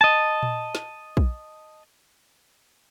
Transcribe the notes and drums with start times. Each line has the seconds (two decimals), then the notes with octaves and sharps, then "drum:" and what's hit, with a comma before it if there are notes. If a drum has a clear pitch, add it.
0.01 D#5 A5
0.43 drum: tom A#2
0.75 drum: snare
1.17 drum: kick A#1